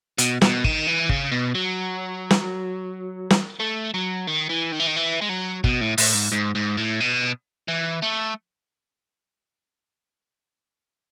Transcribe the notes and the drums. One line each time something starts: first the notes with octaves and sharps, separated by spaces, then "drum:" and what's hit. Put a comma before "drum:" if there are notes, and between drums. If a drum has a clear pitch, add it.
B2, drum: hi-hat
B2, drum: snare
D#3, drum: kick
E3
C#3, drum: kick
B2
F#3
drum: snare
drum: snare
A3
F#3
D#3
E3
D#3
E3
D#3
E3
G#3
F#3
B2, drum: kick
A2
A2, drum: open hi-hat
G#2
G#2
G#2
A2
B2
E3
A3